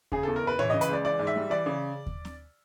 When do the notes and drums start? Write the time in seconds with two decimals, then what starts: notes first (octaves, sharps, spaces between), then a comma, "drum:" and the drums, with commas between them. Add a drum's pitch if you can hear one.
0.12 C#3 G#4, drum: kick D#2
0.23 E2 A4
0.36 A#4
0.43 F#1 B4
0.59 E3 C#5, drum: tom A2
0.70 C#3 D#5
0.81 B4, drum: hi-hat
0.89 C#2 D5
1.05 E3 D5
1.19 G#2
1.27 E5
1.36 G3
1.50 E3 D5
1.66 C#3
2.06 drum: kick D#2
2.25 drum: snare C4